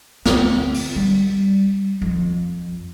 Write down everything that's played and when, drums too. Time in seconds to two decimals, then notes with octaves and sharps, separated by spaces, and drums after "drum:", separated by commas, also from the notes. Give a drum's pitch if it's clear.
0.25 D2, drum: snare
0.74 drum: open hi-hat
0.96 G3
2.02 F2